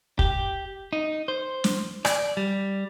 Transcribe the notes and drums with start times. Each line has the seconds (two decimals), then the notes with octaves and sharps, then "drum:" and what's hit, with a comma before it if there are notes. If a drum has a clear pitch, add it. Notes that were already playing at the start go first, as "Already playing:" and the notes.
0.19 G4, drum: kick
0.93 D#4
1.28 C5
1.64 drum: snare
2.05 D5, drum: rim click
2.37 G3